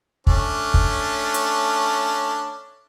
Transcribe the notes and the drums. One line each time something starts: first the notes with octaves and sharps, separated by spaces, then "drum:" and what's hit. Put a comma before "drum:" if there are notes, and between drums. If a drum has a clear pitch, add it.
A3 C#4 D4, drum: kick
drum: kick
drum: hi-hat